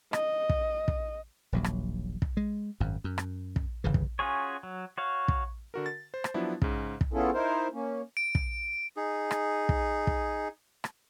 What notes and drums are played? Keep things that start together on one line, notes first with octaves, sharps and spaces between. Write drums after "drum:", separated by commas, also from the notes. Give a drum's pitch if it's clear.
D#5, drum: rim click
drum: kick
drum: kick
D#1 A#1 F#3
drum: rim click
drum: kick
G#3
G#1 F#2
F#2
drum: rim click
drum: kick
G1 C#3 E3
drum: kick
C#4 F4 F#4 G#4 C#5
F#3
F#4 C#5 F5
drum: kick
D3 F#4 A#4
A6
C5
drum: rim click
F3 F#3 B3 D4 E4
G#2 C#3, drum: kick
drum: kick
B3 C#4 E4 F4 G#4 A4
D#4 E4 A#4 C5
A#3 C#4
D7
drum: kick
D#4 G#4
drum: rim click
drum: kick
drum: kick
drum: rim click